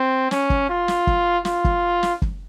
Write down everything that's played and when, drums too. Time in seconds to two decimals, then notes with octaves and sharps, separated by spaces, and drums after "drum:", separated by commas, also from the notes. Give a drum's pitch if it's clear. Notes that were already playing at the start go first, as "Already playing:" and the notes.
Already playing: C4
0.31 C#4, drum: snare
0.50 drum: kick
0.69 F4
0.88 drum: snare
1.07 drum: kick
1.45 F4, drum: snare
1.64 drum: kick
2.03 drum: snare
2.22 drum: kick